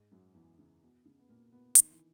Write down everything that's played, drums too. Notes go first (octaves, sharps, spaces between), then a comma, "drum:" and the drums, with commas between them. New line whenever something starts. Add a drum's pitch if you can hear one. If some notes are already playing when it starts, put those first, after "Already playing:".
Already playing: G#2 G#3
F#2 F#3
E2 E3
C#3
B2
C#3
B3
A#2 A#3
B2 B3
D#3 D#4, drum: hi-hat
E3 E4